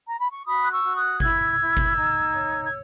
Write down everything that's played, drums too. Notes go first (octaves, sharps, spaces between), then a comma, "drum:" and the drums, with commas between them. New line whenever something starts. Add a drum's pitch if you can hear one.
A#5
B5
C#6
F#4 B5 D#6
F#6
C#6 E6
F#4
D#6 F#6
E4 E6 G#6, drum: kick G1
E4
drum: kick G1
D#4
C#5
G#6